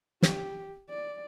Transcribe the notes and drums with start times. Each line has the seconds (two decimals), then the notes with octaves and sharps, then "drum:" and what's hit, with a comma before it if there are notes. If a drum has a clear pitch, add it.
0.22 G4, drum: snare
0.89 D5